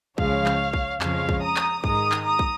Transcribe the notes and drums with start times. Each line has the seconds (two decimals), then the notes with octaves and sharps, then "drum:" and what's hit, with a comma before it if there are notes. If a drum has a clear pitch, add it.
0.18 C#2 C#3 F3 G#3 C#5 F5, drum: kick
0.46 drum: clap
0.73 drum: kick
1.01 F2 C#3 F3 G#3 C#5 F5, drum: clap
1.29 drum: kick
1.42 A#5 D#6
1.56 drum: clap
1.84 G#2 D#3 G#3 A#5 D#6, drum: kick
2.12 drum: clap
2.25 A#5 D#6
2.39 drum: kick